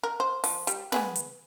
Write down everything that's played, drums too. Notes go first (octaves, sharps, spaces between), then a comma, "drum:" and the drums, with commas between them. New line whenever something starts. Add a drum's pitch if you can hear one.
A#4
C5
F3, drum: open hi-hat
G3, drum: hi-hat
B3 G#4 B4, drum: snare
drum: hi-hat